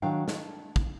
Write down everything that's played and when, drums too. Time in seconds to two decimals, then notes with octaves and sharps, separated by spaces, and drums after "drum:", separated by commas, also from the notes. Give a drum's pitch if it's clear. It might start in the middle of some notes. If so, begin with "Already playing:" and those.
0.02 D#3 F#3 D4 F5 G5
0.28 A5, drum: snare
0.76 drum: kick